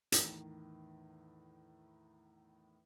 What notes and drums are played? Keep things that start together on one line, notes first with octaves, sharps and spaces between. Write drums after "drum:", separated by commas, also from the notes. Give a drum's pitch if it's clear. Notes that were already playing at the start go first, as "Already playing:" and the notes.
E2 A2 D#3, drum: hi-hat